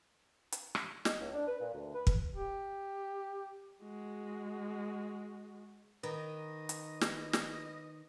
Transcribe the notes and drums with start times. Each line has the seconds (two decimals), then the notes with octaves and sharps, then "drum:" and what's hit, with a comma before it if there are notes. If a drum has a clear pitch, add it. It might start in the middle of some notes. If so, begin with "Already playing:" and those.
0.52 drum: hi-hat
0.75 drum: rim click
1.05 D#5, drum: snare
1.19 C#2
1.33 D4
1.47 B4
1.60 A#2
1.73 D2
1.94 B4
2.07 drum: kick
2.35 G4
3.83 G#3 F#4
6.03 D#3 B4 D#5
6.69 drum: hi-hat
7.01 drum: snare
7.33 drum: snare